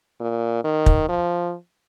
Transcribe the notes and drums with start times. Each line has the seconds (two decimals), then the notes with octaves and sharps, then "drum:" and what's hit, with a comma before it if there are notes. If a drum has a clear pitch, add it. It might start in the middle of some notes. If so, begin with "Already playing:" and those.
0.21 A#2
0.64 D#3
0.86 drum: kick
1.09 F3